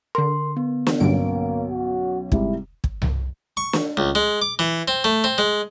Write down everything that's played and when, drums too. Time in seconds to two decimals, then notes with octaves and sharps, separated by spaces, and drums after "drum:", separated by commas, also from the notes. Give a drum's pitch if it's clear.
0.15 D3 A#4 C6
0.57 B3
0.87 drum: snare
1.00 B1 G2 D3 A#3 C#4 D7
1.71 F#4
2.32 G#2 C3 G3 E4, drum: kick
2.84 drum: kick
3.02 drum: tom C2
3.57 C#6
3.73 drum: snare
3.97 C#2
4.15 G#3
4.42 D6
4.59 E3
4.88 C4
5.04 A3
5.24 C4
5.38 G#3